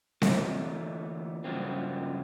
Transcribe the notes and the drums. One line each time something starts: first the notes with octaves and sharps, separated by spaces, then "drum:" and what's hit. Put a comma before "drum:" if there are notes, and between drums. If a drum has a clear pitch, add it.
D3 E3 A3 A#3 F4, drum: snare C4
G2 C#3 F3 F#3 A#3 C4